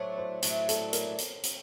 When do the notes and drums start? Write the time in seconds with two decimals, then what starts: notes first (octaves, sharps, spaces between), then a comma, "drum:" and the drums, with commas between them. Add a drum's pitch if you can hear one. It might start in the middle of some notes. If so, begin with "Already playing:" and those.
Already playing: A2 F#3 A3 D4 C5 C#5
0.18 C5
0.42 A2 F#3 A3 D4, drum: hi-hat
0.69 A4, drum: hi-hat
0.93 A#4, drum: hi-hat
1.18 drum: hi-hat
1.43 drum: hi-hat